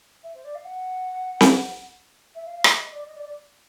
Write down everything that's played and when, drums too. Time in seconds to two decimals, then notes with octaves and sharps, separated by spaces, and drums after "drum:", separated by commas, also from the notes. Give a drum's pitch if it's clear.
0.23 E5
0.34 C5
0.44 D5
0.54 F5
0.64 F#5
1.41 drum: snare C4
2.35 E5
2.45 F5
2.55 F5
2.64 E5, drum: rim click
2.78 D#5
2.91 D5
3.06 D#5
3.15 D5
3.26 D5